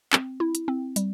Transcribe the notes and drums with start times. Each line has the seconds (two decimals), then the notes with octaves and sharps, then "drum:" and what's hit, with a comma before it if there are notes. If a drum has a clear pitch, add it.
0.13 C4, drum: clap
0.40 E4
0.55 drum: hi-hat
0.68 C4
0.96 G3, drum: hi-hat